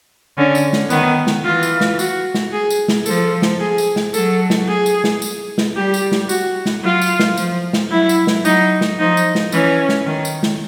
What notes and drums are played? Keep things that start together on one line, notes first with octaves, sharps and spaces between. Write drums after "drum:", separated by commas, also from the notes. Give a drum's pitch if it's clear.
D3 C#4
drum: tambourine
drum: snare
D#3 B3, drum: tambourine
drum: snare
E3 F4
drum: tambourine
drum: snare
F#4, drum: tambourine
drum: snare
G#4
drum: tambourine
drum: snare
F3 A4, drum: tambourine
drum: snare
G#4
drum: tambourine
drum: snare
F#3 A4, drum: tambourine
drum: snare
G#4
drum: tambourine
drum: snare
drum: tambourine
drum: snare
G3 G4
drum: tambourine
drum: snare
F#4, drum: tambourine
drum: snare
F#3 F4
drum: tambourine
drum: snare
F3, drum: tambourine
drum: snare
F#3 E4
drum: tambourine
drum: snare
F#3 D#4, drum: tambourine
drum: snare
F3 D#4
drum: tambourine
drum: snare
E3 C#4, drum: tambourine
drum: snare
D#3
drum: tambourine
drum: snare